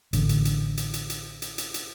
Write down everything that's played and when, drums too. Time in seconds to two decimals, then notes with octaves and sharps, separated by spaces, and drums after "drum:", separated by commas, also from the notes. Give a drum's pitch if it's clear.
0.13 A1 D3, drum: hi-hat
0.29 drum: hi-hat
0.45 drum: hi-hat
0.77 drum: hi-hat
0.94 drum: hi-hat
1.10 drum: hi-hat
1.42 drum: hi-hat
1.58 drum: hi-hat
1.74 drum: hi-hat